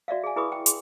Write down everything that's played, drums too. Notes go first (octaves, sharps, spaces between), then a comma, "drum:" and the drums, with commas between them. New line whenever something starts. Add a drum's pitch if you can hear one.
F#4 D5 E5 F5
G#4 G#5
E4 G#4 B4 B5 C#6 D#6
G5
G#4 C6, drum: hi-hat